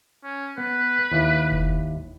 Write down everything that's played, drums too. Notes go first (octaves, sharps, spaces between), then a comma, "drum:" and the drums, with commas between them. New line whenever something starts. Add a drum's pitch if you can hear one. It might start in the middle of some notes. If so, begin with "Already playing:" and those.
C#4
B3 B4
D#2 E4
drum: kick F1